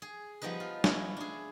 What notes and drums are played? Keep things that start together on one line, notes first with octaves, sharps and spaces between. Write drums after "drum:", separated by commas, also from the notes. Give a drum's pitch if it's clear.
G#4
F3 G3 B3 D#4 B4
F4
C#4 E4, drum: snare
D4 G#4